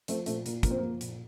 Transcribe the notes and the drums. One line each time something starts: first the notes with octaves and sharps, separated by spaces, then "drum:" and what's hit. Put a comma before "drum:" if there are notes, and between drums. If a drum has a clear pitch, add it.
F3 A3 C4, drum: hi-hat
A#2 A3 C4, drum: hi-hat
A#2 A#3, drum: hi-hat
F3 A#3, drum: kick, hi-hat
C4
F3 A#3
A#2, drum: hi-hat